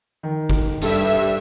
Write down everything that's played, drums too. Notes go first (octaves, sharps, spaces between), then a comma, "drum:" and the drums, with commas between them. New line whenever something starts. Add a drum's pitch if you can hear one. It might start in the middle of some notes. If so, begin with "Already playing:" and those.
D#3
drum: kick
G2 A4 E5, drum: hi-hat